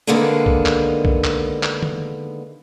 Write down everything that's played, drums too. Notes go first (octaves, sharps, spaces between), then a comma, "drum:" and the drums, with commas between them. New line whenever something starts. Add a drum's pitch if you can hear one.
D3 D#3 G#3 A#3 B3 D4
drum: kick B1
drum: clap
drum: kick B1
drum: clap
drum: clap
drum: tom